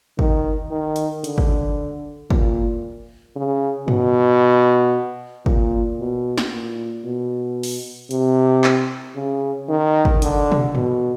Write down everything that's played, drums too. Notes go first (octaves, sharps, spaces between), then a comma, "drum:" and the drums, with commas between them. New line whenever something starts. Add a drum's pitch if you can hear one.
D#3, drum: kick
D#3
drum: hi-hat
D3, drum: hi-hat
drum: kick
A#2, drum: kick
C#3
B2, drum: tom G2
A#2, drum: kick
B2
drum: snare
A#2
B2
drum: open hi-hat
C3, drum: hi-hat
drum: clap
C#3
D#3
drum: kick
D3, drum: hi-hat
drum: tom B2
B2, drum: tom G2